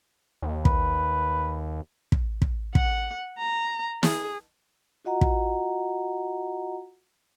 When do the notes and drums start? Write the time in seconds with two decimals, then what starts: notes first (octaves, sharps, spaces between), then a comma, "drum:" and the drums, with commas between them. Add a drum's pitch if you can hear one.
0.42 D#2
0.65 B4, drum: kick
2.12 drum: kick
2.42 drum: kick
2.75 F#5, drum: kick
3.38 A#5
4.03 G#4, drum: snare
5.05 F4 F#4 D#5 F#5 A#5
5.21 drum: kick